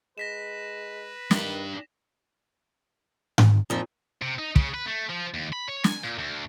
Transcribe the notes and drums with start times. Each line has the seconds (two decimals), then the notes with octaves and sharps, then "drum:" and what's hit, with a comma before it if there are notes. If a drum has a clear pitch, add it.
0.18 G#3 B4 A#6 B6 E7
1.31 D#3 D4 G4, drum: snare
3.38 drum: tom G#2
3.70 F2 A#2 F3 D#4
4.22 C3
4.39 D#4
4.56 C#3, drum: kick
4.74 B4
4.86 A3
5.09 F3
5.34 D#2
5.53 B5
5.68 C#5
5.84 G#5, drum: snare
6.04 A#2
6.18 D2